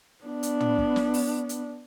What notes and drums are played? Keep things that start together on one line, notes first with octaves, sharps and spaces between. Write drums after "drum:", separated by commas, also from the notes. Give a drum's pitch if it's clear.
B3 D4
drum: hi-hat
drum: tom
drum: kick
drum: snare
drum: open hi-hat
drum: hi-hat